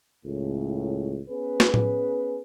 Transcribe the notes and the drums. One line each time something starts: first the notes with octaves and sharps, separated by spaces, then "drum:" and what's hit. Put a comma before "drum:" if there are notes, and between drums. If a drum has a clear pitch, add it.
C#2 A2
B3 C#4 G#4 B4
drum: snare
drum: tom A2